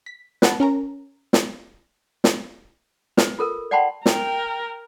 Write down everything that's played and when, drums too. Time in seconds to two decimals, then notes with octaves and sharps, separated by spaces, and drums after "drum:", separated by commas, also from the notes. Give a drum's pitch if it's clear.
0.06 B6
0.42 B4 F#5 A5, drum: snare
0.60 C#4 A#4 A#5
1.33 drum: snare
2.24 drum: snare
3.17 B4, drum: snare
3.39 F4 A4 A#4
3.71 D5 F#5 G5 A5 B5 C6
4.06 A#4 G5, drum: snare